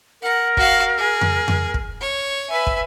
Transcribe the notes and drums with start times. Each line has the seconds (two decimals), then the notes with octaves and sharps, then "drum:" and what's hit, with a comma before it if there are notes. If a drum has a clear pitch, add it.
0.22 A#4 F#5
0.57 F#4 F5, drum: kick
0.98 G#4
1.21 drum: tom F2
1.48 drum: tom F2
1.74 drum: kick
2.01 C#5
2.49 B4 E5 G#5
2.67 drum: kick